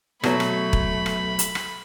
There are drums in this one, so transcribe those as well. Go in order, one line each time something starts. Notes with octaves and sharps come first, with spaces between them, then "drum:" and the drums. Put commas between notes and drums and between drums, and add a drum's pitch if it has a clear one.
B2 F#3 A3 B5, drum: rim click
drum: rim click
drum: kick E1
drum: rim click
drum: hi-hat
drum: rim click